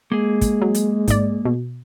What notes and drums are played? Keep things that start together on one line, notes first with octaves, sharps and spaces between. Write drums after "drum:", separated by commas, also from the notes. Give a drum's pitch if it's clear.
G#3 A#3 G#4
drum: kick, hi-hat
F#3
drum: hi-hat
G#2 D5, drum: kick, hi-hat
B2